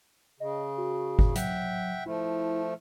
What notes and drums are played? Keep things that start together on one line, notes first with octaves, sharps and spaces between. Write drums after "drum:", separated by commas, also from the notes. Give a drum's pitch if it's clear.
C#3 D#5
F#4
drum: kick G1
F#3 E5 F#5 G5, drum: hi-hat
F3 A3 E4